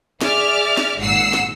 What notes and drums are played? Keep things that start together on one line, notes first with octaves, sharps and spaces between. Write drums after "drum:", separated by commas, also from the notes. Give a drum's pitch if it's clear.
G#4 D5 E5 D6 F6, drum: snare
drum: snare
G#1 A#2 F#5 E6 C7
drum: snare